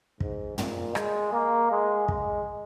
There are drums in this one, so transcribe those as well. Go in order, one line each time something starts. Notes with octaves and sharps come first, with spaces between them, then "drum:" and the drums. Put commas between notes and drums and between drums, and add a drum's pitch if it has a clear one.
G#2, drum: kick
A#2, drum: tom
G#3, drum: rim click
A#3
G#3
G#3, drum: kick